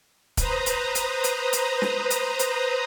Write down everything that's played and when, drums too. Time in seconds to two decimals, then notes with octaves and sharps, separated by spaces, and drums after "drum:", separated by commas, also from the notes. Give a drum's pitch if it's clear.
0.37 B4 C5 A#5 D#6, drum: kick, hi-hat
0.66 drum: hi-hat
0.95 drum: hi-hat
1.24 drum: hi-hat
1.53 drum: hi-hat
1.82 drum: snare
2.11 drum: hi-hat
2.39 drum: hi-hat